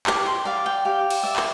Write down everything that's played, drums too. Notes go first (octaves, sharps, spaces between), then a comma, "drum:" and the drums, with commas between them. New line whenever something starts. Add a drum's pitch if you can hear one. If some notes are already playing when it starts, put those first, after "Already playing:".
G4 D6, drum: clap
C6
D5 F5
G5
G4 F5
drum: cymbal
D5 E5
drum: clap